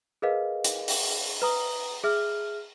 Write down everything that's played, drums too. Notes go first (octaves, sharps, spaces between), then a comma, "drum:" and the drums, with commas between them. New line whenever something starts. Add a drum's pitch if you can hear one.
G#4 A#4 B4 D#5 F5
drum: hi-hat
drum: open hi-hat
B4 A#5 D#6
G#4 E5 F6